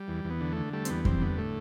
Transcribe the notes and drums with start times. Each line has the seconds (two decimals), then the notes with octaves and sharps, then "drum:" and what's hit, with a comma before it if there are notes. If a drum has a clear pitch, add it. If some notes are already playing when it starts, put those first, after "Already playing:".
Already playing: G3
0.08 E2
0.24 E2
0.30 B3
0.41 D3
0.52 D3 A3
0.73 G3 A3
0.85 C4, drum: hi-hat
0.90 E2 B3
1.05 G3 C4, drum: kick F2
1.21 D3 B3
1.38 A2 A3